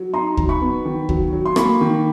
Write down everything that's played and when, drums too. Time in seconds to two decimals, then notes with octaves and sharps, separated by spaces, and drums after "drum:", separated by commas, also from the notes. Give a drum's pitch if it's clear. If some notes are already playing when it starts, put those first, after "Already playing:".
Already playing: F#3
0.13 D#4 A#5 C6
0.37 F#3, drum: kick D2
0.49 B5 C#6
0.61 B3
0.85 D#3
1.09 F#3, drum: kick D2
1.33 F#3
1.45 C6
1.56 A#3 B5 C#6, drum: rim click
1.81 D#3